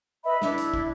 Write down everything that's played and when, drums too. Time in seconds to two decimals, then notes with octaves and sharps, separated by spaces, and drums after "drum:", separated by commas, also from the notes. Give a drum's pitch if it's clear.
0.24 B4 D#5 E5 B5
0.42 D4 E4, drum: snare
0.58 drum: hi-hat
0.74 drum: kick